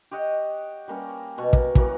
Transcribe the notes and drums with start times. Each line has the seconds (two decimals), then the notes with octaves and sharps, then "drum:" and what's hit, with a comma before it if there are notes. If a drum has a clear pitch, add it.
0.11 G4 C#5 D#5 F#5
0.88 G3 A#3 C#4
1.38 B2 C#6
1.53 A#3, drum: kick
1.75 E3 F#3 A#3, drum: kick